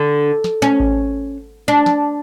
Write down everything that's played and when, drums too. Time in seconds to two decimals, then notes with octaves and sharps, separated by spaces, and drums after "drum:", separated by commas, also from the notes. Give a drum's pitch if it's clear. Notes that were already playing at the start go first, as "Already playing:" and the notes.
Already playing: D3
0.44 drum: snare
0.62 C#4
0.80 drum: kick G#1
1.68 D4
1.86 drum: snare